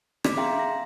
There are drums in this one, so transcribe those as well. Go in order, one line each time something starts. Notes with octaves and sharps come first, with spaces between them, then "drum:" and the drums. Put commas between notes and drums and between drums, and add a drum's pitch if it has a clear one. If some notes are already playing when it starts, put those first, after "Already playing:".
D6 B6, drum: rim click
G#4 E5 F5 G5 A#5 C6
A#6